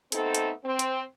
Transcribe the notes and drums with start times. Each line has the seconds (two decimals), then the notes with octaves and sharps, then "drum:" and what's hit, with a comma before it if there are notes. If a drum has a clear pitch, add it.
0.12 A3 B3 C4 D#4 A4, drum: hi-hat
0.35 drum: hi-hat
0.63 C4
0.79 drum: hi-hat